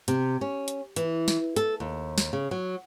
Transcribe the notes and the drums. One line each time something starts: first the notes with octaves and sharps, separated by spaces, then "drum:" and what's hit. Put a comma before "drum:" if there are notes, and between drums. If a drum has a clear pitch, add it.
C3, drum: hi-hat
C#4
drum: hi-hat
E3, drum: hi-hat
drum: snare
A4, drum: hi-hat
D#2
drum: snare
C#3
F#3